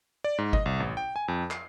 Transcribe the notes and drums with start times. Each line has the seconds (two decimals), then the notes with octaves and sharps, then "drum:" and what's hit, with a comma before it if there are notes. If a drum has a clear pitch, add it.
0.24 D5
0.38 G#2
0.53 D#5, drum: kick G1
0.66 C2
0.80 A1
0.97 G5
1.16 G#5
1.28 F2
1.51 C7, drum: clap